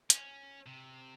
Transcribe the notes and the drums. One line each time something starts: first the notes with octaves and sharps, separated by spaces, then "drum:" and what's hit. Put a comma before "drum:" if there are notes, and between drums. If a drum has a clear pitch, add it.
C#4, drum: hi-hat
C3